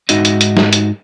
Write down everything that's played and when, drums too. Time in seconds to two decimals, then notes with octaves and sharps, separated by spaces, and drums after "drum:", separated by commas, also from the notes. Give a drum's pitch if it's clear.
0.09 G#2 D#4 F#4 D#5 E5, drum: hi-hat
0.25 drum: hi-hat
0.41 drum: hi-hat
0.57 drum: snare
0.73 drum: hi-hat